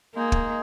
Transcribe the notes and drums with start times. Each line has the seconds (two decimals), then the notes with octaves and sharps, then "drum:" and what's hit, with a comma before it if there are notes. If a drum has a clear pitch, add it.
0.15 G#3 A#3 D#4 G#4
0.32 drum: kick